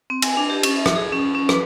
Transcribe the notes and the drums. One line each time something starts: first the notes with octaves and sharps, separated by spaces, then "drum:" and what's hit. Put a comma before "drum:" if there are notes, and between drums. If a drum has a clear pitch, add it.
C4
G#5, drum: cymbal
D4
G4
C#4, drum: cymbal
E5
drum: rim click
G#4
C#4
C#4
B4, drum: rim click